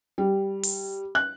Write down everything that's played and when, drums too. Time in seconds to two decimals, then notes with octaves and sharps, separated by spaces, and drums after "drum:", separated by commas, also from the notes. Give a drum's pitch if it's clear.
0.18 G3
0.63 drum: open hi-hat
1.15 F#6